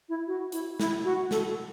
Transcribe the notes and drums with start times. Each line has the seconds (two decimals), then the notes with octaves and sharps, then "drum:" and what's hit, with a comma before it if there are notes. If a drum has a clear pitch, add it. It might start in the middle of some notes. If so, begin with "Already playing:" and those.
0.09 E4
0.27 F#4
0.52 E4, drum: hi-hat
0.80 E4, drum: snare
1.04 F#4
1.31 A4, drum: snare